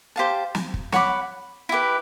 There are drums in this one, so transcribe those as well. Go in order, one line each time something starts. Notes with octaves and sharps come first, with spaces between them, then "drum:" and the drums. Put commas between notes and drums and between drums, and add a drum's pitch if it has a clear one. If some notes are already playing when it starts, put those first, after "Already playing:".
G4 C5 F5 A5
drum: snare
drum: kick
C#5 F#5 B5 D6, drum: snare
E4 G4 B4